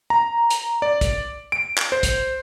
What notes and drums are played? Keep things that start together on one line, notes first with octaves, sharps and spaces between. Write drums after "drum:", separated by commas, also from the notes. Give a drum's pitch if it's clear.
A#5
drum: hi-hat
D5
drum: kick, hi-hat
D7
drum: clap
C5
drum: kick, hi-hat